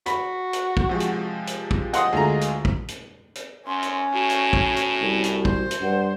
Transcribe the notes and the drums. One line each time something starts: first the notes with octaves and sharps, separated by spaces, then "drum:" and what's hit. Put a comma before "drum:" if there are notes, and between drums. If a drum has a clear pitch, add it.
F#4 B5, drum: hi-hat
drum: hi-hat
drum: kick
C3 F3 G#3
drum: hi-hat
drum: hi-hat
drum: kick
D#5 F#5 C6 D#6, drum: hi-hat
D2 G#3 F4 G#4 A#5
drum: hi-hat
drum: kick
drum: hi-hat
drum: hi-hat
F#2 C#4 C6
drum: hi-hat
A2 F#4
drum: hi-hat
drum: kick
drum: hi-hat
C2
drum: hi-hat
C5, drum: kick
drum: hi-hat
G2 F#5